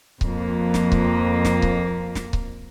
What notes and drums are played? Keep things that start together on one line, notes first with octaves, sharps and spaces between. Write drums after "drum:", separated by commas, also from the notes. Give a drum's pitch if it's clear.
F2 A#3, drum: kick C#1
drum: snare
drum: kick C#1
drum: snare
drum: kick C#1
drum: snare
drum: kick C#1